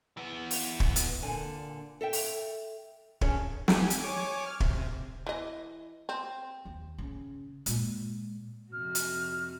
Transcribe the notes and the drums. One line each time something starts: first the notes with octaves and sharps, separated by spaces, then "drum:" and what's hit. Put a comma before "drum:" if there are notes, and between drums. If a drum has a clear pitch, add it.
E3 B3
drum: open hi-hat
drum: kick
drum: hi-hat
A#2 D3 G#5
A4 E5 G5
drum: open hi-hat
C#4 D4 G#4 C#5, drum: kick
G4 G#5, drum: snare
drum: hi-hat
C#5 G#5 D6
F6
C3, drum: kick
E3 D#5
C4
D#2
C#3
A#2 G#3, drum: hi-hat
F2 C3 F#4 F6
drum: hi-hat